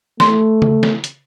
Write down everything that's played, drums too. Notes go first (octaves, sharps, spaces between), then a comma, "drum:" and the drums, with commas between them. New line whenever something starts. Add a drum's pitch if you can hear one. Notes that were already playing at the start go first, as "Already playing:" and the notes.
A3 C6, drum: snare
drum: tom C#3
drum: snare
drum: hi-hat